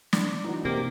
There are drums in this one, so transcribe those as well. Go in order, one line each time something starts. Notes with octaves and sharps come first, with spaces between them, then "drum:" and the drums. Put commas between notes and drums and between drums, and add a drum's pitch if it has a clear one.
D5, drum: snare
E3 D4 D#4 F#4
C3 A#3 D6